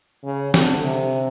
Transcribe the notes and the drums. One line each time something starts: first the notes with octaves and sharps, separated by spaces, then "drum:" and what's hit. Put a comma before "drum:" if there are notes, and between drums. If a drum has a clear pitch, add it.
C#3
D3, drum: snare
C3